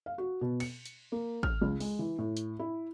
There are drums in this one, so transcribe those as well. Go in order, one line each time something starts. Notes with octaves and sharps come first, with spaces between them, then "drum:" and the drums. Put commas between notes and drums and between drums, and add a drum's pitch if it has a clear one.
F5
F#4
B2
C#7, drum: cymbal
drum: hi-hat
A#3
F6, drum: kick G#1
C#2
G#3, drum: open hi-hat
E3
A2
drum: hi-hat
E4